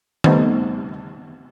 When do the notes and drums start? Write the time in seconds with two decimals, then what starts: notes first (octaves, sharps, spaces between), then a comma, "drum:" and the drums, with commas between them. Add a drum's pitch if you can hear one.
0.24 G3 A3 B3 D#4 C5 D#5, drum: tom D#3